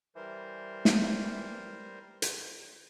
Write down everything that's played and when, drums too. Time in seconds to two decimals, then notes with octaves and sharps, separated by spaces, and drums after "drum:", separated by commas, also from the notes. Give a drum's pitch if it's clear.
0.16 E3 G3 A#4 C5
0.85 drum: snare
2.22 drum: hi-hat